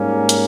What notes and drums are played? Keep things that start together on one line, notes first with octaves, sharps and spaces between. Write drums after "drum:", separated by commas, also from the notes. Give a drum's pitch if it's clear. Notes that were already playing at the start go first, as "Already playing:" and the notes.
Already playing: G#2 G3 A#3 C#4
drum: hi-hat